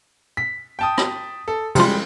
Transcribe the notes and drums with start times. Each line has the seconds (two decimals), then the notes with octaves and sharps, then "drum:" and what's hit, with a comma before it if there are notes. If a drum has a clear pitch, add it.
0.37 B6
0.79 G5 A5 D#6
0.98 drum: rim click
1.48 A4
1.75 C3 F3 G3 G#3 F4, drum: cymbal